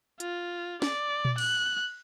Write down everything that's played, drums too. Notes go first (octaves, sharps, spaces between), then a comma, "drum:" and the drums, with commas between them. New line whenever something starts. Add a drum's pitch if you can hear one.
F4, drum: hi-hat
D5, drum: snare
drum: tom A#2
F#6, drum: cymbal